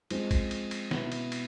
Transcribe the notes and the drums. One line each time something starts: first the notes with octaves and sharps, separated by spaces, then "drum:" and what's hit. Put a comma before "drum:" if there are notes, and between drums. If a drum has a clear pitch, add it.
F3 G#3 C4, drum: cymbal
drum: kick, cymbal
drum: cymbal
drum: cymbal
B2 B3 E4, drum: snare
drum: cymbal
drum: cymbal